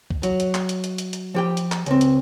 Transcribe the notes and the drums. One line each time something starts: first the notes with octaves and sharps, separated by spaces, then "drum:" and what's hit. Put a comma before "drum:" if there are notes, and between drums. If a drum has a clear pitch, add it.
drum: kick
F#3, drum: hi-hat
drum: hi-hat
drum: clap
drum: hi-hat
drum: hi-hat
drum: hi-hat
drum: hi-hat
F3 G4 G5
drum: hi-hat
drum: clap
C#2 C4, drum: hi-hat
drum: hi-hat